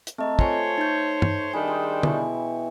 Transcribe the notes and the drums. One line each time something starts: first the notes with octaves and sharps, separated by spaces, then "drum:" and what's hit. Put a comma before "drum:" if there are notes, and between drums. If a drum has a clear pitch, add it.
drum: hi-hat
A3 C4 D#5 A#5
F4 A4 C5 C#5 G#5, drum: kick
D#4 G6
drum: tom G2
D#3 G3 D4 G#4 G#5 B5
G5 C6
B2 E3 C#6, drum: tom D3